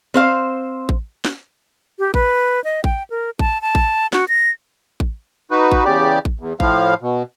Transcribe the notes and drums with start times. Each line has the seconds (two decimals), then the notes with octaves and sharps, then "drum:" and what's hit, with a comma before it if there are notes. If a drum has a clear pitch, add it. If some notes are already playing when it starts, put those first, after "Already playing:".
0.14 C4 C5 F5
0.89 drum: kick A1
1.25 drum: snare
1.99 G4
2.14 B4, drum: kick A1
2.64 D#5
2.84 G5, drum: kick A1
3.10 A#4
3.39 A5, drum: kick A1
3.62 A5
3.75 drum: kick A1
4.13 F#4, drum: snare
4.29 A#6
5.00 drum: kick A1
5.51 D#4 F#4 B4
5.72 drum: kick A1
5.85 E2 C#3 G4 D5
6.25 drum: kick A1
6.40 E2
6.60 A2 F3 F5, drum: kick A1
7.02 B2